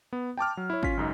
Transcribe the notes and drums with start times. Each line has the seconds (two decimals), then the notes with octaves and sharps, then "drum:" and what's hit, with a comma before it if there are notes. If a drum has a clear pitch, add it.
0.13 B3
0.37 G5 A5 D6 F6
0.57 F#3
0.70 E4 C#5
0.83 C#4 F4 B6, drum: kick G#1
0.97 C#2 F#2 D#4